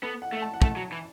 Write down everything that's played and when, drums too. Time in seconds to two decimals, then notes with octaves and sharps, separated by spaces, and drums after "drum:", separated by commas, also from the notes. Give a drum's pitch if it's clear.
0.02 B3 A4
0.22 F#5
0.33 A3
0.42 A5
0.54 F#5
0.62 A3 A5, drum: kick
0.76 F#3
0.92 E3